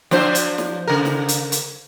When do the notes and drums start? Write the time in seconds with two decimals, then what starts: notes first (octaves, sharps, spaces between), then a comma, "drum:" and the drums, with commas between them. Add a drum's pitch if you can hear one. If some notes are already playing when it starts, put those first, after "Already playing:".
0.11 F3 D4 C5, drum: snare
0.35 drum: hi-hat
0.58 drum: snare
0.88 C#3 A#4
1.05 drum: snare
1.28 drum: hi-hat
1.52 drum: hi-hat